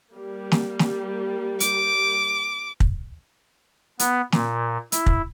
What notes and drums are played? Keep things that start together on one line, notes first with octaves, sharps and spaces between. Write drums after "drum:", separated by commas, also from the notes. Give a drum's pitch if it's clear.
G3 A#3
drum: snare
drum: snare
D6, drum: hi-hat
drum: kick
B3, drum: hi-hat
A#2, drum: snare
E4, drum: hi-hat
drum: kick